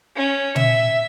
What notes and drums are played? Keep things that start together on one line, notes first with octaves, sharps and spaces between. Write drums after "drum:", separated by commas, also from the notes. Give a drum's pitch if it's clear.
C#4
E5, drum: tom A#2